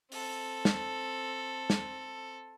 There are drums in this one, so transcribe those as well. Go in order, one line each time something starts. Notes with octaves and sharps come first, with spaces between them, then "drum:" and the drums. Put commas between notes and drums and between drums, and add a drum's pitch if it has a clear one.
C4 A4, drum: open hi-hat
drum: snare
drum: snare